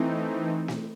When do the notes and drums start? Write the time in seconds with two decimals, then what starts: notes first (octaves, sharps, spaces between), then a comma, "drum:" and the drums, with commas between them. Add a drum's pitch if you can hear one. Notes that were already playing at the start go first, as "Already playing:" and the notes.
Already playing: E3 A3 C4 D#4
0.68 drum: snare